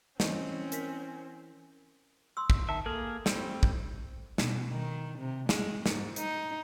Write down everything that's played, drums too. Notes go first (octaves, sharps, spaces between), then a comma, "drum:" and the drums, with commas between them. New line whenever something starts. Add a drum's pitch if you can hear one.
E3 C4 C#4 C5 D#5, drum: snare
A#4 B6, drum: hi-hat
C6 D#6 E6
drum: kick
D#3 E5 A5
A#3 G#4 A4 F6
G3 A3 C4, drum: snare
drum: kick
B2, drum: snare
D#3
C3
G#3, drum: snare
G#2, drum: snare
D#4, drum: hi-hat